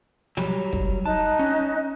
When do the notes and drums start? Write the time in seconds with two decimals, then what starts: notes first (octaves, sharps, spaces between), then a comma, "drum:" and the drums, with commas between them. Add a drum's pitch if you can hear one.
0.37 F#3 G3, drum: snare
0.73 drum: kick
1.06 D#4 D#5 A5 F#6
1.39 C#4